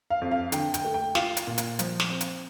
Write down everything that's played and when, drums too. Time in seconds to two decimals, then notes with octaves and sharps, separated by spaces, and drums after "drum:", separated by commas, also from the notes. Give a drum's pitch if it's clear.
0.10 F5
0.21 F2
0.31 F5
0.52 D3 G5, drum: hi-hat
0.74 G5, drum: hi-hat
0.84 A3
0.94 G5
1.15 F4 F5, drum: snare
1.37 drum: hi-hat
1.47 A#2
1.58 drum: hi-hat
1.79 F3, drum: hi-hat
2.00 drum: snare
2.10 C4
2.21 drum: hi-hat